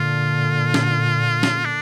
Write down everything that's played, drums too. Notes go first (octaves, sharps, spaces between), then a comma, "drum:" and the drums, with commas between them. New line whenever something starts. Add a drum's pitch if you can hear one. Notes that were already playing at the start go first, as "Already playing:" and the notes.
Already playing: A#2 D3 F4
drum: snare
drum: snare
D4